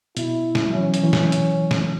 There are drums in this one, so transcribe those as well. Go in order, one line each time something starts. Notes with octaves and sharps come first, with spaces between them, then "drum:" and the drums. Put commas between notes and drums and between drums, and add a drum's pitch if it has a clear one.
B2 E4, drum: hi-hat
drum: snare
F#3
E3 C#4
drum: hi-hat
E3
drum: snare
drum: hi-hat
drum: snare